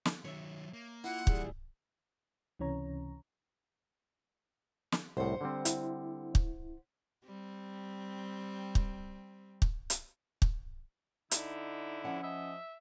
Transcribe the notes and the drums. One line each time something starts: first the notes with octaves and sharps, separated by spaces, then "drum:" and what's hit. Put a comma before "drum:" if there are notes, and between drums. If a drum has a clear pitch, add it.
drum: snare
D#3 F#3 C#5 E5
A#3
E4 F4 F#5
A#2 E3 G3 G#4, drum: kick
C#2 C3 E3 C#4 C#5 A#5
drum: snare
C2 A2 C5 F#5
D3 G3 C4
E4, drum: hi-hat
drum: kick
G3 C4
drum: kick
drum: kick
drum: hi-hat
drum: kick
D3 D#4 E4, drum: hi-hat
F3 C#4 F#5
D#5 E5